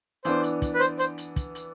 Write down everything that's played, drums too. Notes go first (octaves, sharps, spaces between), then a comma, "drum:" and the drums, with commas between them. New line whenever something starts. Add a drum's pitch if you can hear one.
E3 B3 D4 C5, drum: hi-hat
drum: hi-hat
drum: kick, hi-hat
B4
C5, drum: hi-hat
C5, drum: hi-hat
drum: hi-hat
drum: kick, hi-hat
drum: hi-hat